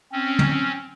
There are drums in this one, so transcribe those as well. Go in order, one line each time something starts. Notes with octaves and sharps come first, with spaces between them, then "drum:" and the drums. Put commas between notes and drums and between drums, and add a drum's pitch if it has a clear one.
C4 C#4
drum: tom